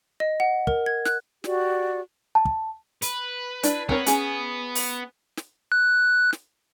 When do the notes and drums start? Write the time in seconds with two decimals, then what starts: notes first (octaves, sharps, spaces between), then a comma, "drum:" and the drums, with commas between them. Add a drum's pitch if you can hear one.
0.20 D#5
0.40 F#5
0.67 A#4, drum: kick
0.86 G#6
1.06 F#6, drum: snare
1.44 F#4 G4 D5, drum: snare
2.35 A5
2.45 drum: kick
3.02 B4, drum: hi-hat
3.63 D4 E4, drum: hi-hat
3.89 B3 C4 A#4 C#5, drum: kick
4.06 C#4 G#4, drum: hi-hat
4.75 drum: open hi-hat
5.37 drum: snare
5.72 F#6
6.33 drum: snare